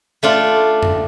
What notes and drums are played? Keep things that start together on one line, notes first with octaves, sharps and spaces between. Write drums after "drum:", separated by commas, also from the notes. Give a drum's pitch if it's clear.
A3 D4 F4
drum: tom F2